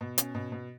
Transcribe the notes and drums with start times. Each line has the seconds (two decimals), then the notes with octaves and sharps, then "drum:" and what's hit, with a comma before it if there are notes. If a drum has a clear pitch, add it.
0.01 B2
0.18 C#4, drum: hi-hat
0.35 B2
0.52 B2